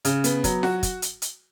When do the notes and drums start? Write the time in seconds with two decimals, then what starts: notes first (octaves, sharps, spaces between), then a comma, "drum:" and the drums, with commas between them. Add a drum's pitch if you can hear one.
0.05 C#3, drum: hi-hat
0.24 B3, drum: hi-hat
0.44 F#3, drum: kick, hi-hat
0.63 F#4, drum: snare F4
0.83 drum: kick, hi-hat
1.02 drum: hi-hat
1.22 drum: hi-hat